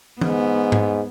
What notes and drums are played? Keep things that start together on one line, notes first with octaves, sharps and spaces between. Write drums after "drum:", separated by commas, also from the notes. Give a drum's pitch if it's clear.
G#2 B3, drum: tom E3
drum: tom G#2